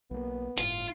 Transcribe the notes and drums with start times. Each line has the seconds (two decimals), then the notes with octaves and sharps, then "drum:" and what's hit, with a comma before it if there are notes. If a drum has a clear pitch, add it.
0.11 B1 A#3 B3
0.58 G1 A2 F4, drum: hi-hat